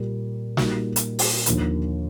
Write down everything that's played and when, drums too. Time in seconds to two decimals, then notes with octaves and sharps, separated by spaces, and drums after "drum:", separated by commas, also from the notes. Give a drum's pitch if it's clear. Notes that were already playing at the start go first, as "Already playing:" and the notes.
Already playing: A#2 G3 A#3
0.57 A#2 G3 A#3 D#4 F#4, drum: snare
0.96 drum: hi-hat
1.19 drum: open hi-hat
1.46 D#2 D3 F3 A#3, drum: hi-hat